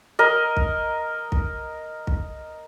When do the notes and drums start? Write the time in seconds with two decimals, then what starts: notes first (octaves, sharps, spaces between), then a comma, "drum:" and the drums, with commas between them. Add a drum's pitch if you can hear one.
0.19 A#4 D#5
0.57 drum: kick
1.32 drum: kick
2.07 drum: kick